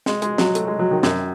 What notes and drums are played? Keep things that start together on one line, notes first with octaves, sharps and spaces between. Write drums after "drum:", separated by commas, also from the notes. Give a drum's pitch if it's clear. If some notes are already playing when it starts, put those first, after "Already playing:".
G#3, drum: snare
G#3, drum: hi-hat
F#3, drum: snare
A3, drum: hi-hat
G#3
F#3
D#3
F#2, drum: snare